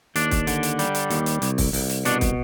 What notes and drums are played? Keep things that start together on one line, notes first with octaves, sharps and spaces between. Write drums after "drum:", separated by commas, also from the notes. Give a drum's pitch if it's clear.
D#2 D4, drum: hi-hat
drum: kick, hi-hat
D3, drum: hi-hat
drum: hi-hat
G3, drum: hi-hat
drum: hi-hat
D#2, drum: hi-hat
drum: hi-hat
C2, drum: hi-hat
drum: kick, open hi-hat
C2, drum: open hi-hat
drum: hi-hat
B2 D4, drum: hi-hat
drum: kick, hi-hat